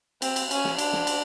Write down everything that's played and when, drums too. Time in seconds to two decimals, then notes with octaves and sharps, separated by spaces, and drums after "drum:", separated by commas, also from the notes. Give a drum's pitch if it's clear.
0.22 C4, drum: cymbal
0.36 drum: cymbal
0.51 C#4, drum: cymbal
0.64 drum: snare
0.78 D4, drum: cymbal
0.93 drum: snare
1.07 drum: cymbal